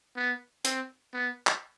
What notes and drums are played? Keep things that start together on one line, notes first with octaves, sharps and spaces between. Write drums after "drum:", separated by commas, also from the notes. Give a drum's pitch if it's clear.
B3
C4, drum: hi-hat
B3
drum: clap